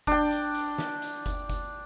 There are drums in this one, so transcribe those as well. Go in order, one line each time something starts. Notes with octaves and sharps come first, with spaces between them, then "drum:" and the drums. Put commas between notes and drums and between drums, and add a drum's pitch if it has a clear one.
D4 G5, drum: kick F#1, hi-hat
drum: hi-hat
drum: hi-hat
drum: snare
drum: hi-hat
drum: kick F#1, hi-hat
drum: kick F#1, hi-hat